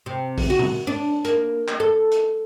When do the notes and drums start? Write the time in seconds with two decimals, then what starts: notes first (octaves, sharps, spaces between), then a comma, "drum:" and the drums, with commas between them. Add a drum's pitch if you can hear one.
0.06 C3
0.38 drum: kick A#1, open hi-hat
0.50 F#4
0.59 drum: tom B2
0.87 D4
1.25 A#3, drum: hi-hat
1.68 drum: clap
1.80 A4
2.12 drum: hi-hat